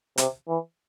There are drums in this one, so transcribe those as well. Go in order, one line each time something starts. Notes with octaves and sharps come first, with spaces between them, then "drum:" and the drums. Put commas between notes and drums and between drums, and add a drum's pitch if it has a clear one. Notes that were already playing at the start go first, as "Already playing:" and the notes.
C3, drum: hi-hat
E3